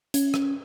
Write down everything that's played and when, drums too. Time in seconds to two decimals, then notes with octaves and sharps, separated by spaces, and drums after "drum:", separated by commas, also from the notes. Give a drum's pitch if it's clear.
0.14 C#4, drum: hi-hat
0.34 drum: rim click